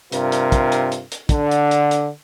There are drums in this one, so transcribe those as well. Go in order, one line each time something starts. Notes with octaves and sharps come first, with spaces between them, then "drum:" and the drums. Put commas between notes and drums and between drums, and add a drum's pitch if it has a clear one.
G2 C3 F4 A#4, drum: hi-hat
drum: hi-hat
drum: kick, hi-hat
drum: hi-hat
drum: hi-hat
drum: hi-hat
D3 D4, drum: kick, hi-hat
drum: hi-hat
drum: hi-hat
drum: hi-hat